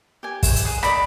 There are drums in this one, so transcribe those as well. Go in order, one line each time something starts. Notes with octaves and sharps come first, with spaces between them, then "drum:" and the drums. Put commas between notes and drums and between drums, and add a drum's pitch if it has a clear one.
G4 G#5
drum: kick, open hi-hat
drum: hi-hat
G#4
D5 D#5 B5, drum: rim click